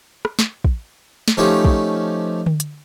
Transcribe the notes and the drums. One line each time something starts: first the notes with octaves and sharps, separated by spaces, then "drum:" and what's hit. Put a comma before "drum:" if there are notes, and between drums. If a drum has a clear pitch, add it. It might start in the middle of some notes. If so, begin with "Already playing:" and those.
drum: rim click
drum: snare
drum: kick
drum: snare
F3 A3 C#4 D#4 F4 G4
drum: kick
drum: tom D3
drum: hi-hat